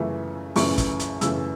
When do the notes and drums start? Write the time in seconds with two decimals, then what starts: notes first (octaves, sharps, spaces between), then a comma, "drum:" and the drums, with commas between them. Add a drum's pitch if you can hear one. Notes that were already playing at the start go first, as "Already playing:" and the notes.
Already playing: F#2 C#3 E3 A3
0.56 F#2 C#3 E3 A3 C#6, drum: open hi-hat
0.78 drum: kick, hi-hat
1.00 drum: hi-hat
1.21 F#2 C#3 E3 A3 E6, drum: hi-hat